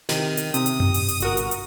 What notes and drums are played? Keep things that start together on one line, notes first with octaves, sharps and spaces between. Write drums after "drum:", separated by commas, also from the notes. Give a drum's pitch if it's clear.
C3 D#3 D#7, drum: snare
drum: hi-hat
C3 D#6, drum: hi-hat
drum: hi-hat
drum: tom F#2
drum: open hi-hat
drum: hi-hat
G1 F#4 A#4, drum: hi-hat
drum: hi-hat
drum: hi-hat